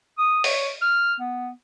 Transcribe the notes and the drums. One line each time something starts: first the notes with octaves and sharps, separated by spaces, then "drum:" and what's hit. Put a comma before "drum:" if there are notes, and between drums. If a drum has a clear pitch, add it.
D#6
C#5, drum: open hi-hat
F6
B3